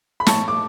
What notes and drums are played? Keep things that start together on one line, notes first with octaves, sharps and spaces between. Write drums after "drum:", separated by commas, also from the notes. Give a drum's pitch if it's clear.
B5
A2 A5 C#6, drum: snare
D6